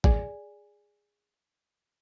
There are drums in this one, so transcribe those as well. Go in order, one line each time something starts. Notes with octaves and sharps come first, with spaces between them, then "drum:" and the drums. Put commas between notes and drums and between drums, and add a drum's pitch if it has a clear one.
G#4 D5, drum: kick